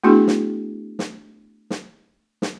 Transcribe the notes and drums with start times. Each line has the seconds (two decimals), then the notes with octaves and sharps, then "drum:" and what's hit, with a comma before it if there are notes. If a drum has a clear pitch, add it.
0.04 A3 B3 D4 E4 F#4 G#4
0.27 drum: snare
0.99 drum: snare
1.70 drum: snare
2.42 drum: snare